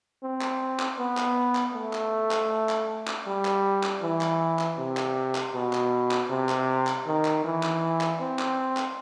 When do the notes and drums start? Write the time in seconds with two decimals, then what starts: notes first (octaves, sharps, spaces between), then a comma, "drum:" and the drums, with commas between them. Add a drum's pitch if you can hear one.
0.23 C4
0.41 drum: clap
0.79 drum: clap
0.99 B3
1.17 drum: clap
1.55 drum: clap
1.74 A3
1.93 drum: clap
2.31 drum: clap
2.69 drum: clap
3.07 drum: clap
3.27 G3
3.45 drum: clap
3.83 drum: clap
4.02 E3
4.21 drum: clap
4.59 drum: clap
4.78 C3
4.97 drum: clap
5.35 drum: clap
5.54 B2
5.73 drum: clap
6.11 drum: clap
6.30 C3
6.49 drum: clap
6.87 drum: clap
7.07 D#3
7.25 drum: clap
7.45 E3
7.63 drum: clap
8.01 drum: clap
8.20 C4
8.39 drum: clap
8.77 drum: clap